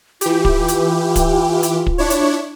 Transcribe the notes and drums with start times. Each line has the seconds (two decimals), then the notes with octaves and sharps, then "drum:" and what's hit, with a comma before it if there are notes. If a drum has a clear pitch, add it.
0.21 E3 F4 G4, drum: hi-hat
0.45 drum: kick
0.68 drum: hi-hat
1.16 drum: kick, hi-hat
1.63 drum: hi-hat
1.87 drum: kick
1.98 D4 E4 C#5
2.10 drum: hi-hat